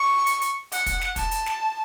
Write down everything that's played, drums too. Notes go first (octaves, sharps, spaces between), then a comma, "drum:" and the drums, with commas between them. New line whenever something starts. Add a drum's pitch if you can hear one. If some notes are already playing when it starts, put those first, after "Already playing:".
Already playing: C#6
drum: hi-hat
drum: hi-hat
F#5, drum: hi-hat
drum: kick, hi-hat
drum: snare
A5, drum: kick, hi-hat
drum: hi-hat
drum: snare